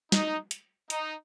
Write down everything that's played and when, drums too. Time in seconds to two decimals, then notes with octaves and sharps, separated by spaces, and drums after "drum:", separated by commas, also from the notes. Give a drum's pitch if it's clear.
0.12 D#4, drum: snare
0.51 drum: hi-hat
0.90 D#4, drum: hi-hat